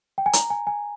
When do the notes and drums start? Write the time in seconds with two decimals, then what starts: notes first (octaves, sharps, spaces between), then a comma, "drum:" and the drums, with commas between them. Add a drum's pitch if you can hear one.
0.18 G5
0.26 G#5
0.33 A#5, drum: hi-hat
0.50 G#5
0.67 G#5